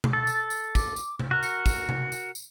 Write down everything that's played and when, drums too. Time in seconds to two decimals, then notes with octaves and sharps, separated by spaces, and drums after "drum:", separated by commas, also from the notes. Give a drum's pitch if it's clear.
0.04 drum: tom B2
0.13 A4 A6
0.27 drum: tambourine
0.50 drum: tambourine
0.75 D6, drum: kick, tambourine
0.96 drum: tambourine
1.19 drum: tom C3
1.31 F#4 A#4 F#6
1.43 C#7, drum: tambourine
1.66 drum: kick, tambourine
1.89 drum: tom C3
2.12 drum: tambourine
2.35 drum: tambourine